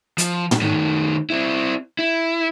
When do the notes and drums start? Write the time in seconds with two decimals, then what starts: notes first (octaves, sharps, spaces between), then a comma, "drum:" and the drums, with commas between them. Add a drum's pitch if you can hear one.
0.18 F3, drum: hi-hat
0.51 drum: tom
0.62 D#3 A3
1.30 C4 E4
1.99 E4